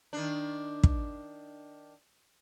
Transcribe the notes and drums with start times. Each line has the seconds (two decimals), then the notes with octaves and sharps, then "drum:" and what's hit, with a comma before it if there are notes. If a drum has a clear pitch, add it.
0.13 D#3 D4
0.83 drum: kick